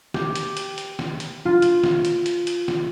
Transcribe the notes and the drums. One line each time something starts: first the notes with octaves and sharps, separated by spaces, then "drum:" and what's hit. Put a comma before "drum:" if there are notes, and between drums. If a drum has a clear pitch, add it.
G4, drum: snare
drum: hi-hat
drum: hi-hat
drum: hi-hat
drum: snare
drum: hi-hat
F4
drum: hi-hat
drum: snare
drum: hi-hat
drum: hi-hat
drum: hi-hat
drum: snare